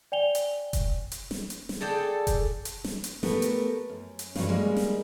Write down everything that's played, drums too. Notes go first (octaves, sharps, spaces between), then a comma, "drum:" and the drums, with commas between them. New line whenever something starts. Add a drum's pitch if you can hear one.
D5 G5 G#5 F7 G7
drum: hi-hat
drum: kick E1, hi-hat
drum: hi-hat
drum: snare
drum: hi-hat
drum: snare
G#4 A4 D5 G5
drum: kick E1, hi-hat
drum: hi-hat
drum: snare
drum: hi-hat
A3 B3 G4 A#4, drum: snare
drum: hi-hat
F#2
drum: hi-hat
G2 E3 F#3 C#4, drum: snare
G3 G#3 A#3
drum: snare